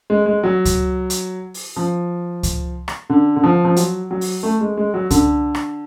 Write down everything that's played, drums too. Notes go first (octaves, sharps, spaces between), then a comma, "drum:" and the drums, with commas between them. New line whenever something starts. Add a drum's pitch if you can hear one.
G#3
G#3
F#3
drum: kick C#2, hi-hat
drum: hi-hat
drum: open hi-hat
F3
drum: kick C#2, hi-hat
drum: rim click
D3
D3
F3
F3
F#3, drum: hi-hat
F#3
drum: open hi-hat
A3
G#3
G#3
F#3
D3, drum: kick C#2, hi-hat
drum: rim click